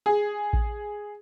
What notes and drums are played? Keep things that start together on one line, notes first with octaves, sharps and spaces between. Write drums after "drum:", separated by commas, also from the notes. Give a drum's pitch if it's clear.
G#4
drum: kick A1